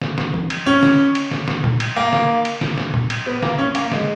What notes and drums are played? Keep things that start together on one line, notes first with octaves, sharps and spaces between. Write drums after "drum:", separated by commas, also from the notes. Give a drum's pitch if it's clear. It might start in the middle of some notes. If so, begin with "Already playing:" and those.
drum: snare
drum: snare
drum: tom
drum: cymbal
C#4
drum: snare
drum: cymbal
drum: snare
drum: snare
drum: tom A#2
drum: cymbal
A#3
drum: snare
drum: cymbal
drum: snare
drum: snare
drum: tom A#2
drum: cymbal
B3
A#3, drum: snare
C#4
A#3, drum: cymbal
G#3, drum: snare